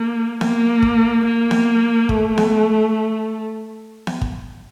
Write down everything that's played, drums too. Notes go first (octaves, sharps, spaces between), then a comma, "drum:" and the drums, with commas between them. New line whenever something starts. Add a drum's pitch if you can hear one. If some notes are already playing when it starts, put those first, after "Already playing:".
Already playing: A#3
A#3, drum: snare B3
drum: kick
A#3
drum: snare B3
A3, drum: kick
drum: snare B3
drum: snare B3
drum: kick